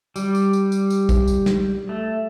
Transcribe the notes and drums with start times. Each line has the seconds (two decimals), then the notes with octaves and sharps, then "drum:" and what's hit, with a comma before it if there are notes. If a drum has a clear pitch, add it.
0.16 G3, drum: tambourine
0.35 drum: tambourine
0.53 drum: tambourine
0.72 drum: tambourine
0.90 drum: tambourine
1.09 drum: kick A#1, tambourine
1.28 drum: tambourine
1.46 drum: snare
1.89 A3